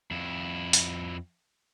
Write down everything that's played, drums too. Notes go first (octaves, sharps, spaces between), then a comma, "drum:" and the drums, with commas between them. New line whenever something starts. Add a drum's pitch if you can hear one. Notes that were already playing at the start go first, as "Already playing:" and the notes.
F2 E4
drum: hi-hat